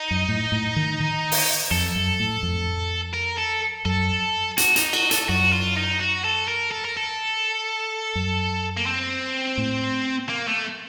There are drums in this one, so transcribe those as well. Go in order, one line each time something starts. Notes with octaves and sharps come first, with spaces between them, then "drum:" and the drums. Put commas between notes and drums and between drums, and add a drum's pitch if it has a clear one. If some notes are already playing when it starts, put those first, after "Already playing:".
Already playing: D#4
F#2
A2
A2
D#3
D#3
drum: open hi-hat
F2 A4
F#2
A2
F2
A#4
A4
F#2 A4
F#4, drum: hi-hat
D#4, drum: hi-hat
F#4, drum: cymbal
A4, drum: hi-hat
F#2 F#4
F4
D#4
F#4
A4
A#4
A4
A#4
A4
F#2
A#3
C4
A2
A#3
A3